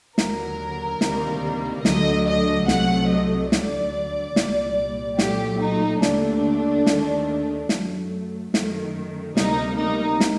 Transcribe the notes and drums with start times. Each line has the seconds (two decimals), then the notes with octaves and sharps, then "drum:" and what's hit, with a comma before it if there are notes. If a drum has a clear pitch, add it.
0.18 D#2 D3 F#3 A#4, drum: snare
1.01 D2 C3 D#3 G3 A#3, drum: snare
1.85 D2 D3 F#3 A3 D#5, drum: snare
2.27 D#5
2.68 C2 C3 F#3 A3 F#5, drum: snare
3.10 D#5
3.52 D2 D3 F#3 D5, drum: snare
4.36 C2 A#2 G3, drum: snare
5.19 A#2 F#3 A3 G4, drum: snare
5.61 D#4
6.02 D#2 D3 A3 D4, drum: snare
6.86 D#2 D#3 A3, drum: snare
7.69 F#2 F#3 A3, drum: snare
8.54 F#2 D#3 A3, drum: snare
9.37 D2 C3 G3 A#3 D#4, drum: snare
9.78 D#4
10.20 drum: snare